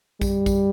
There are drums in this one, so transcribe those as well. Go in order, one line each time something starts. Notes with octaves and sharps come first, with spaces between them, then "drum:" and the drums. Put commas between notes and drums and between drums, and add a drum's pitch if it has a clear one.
G3, drum: kick A#1, tambourine
drum: kick A#1, tambourine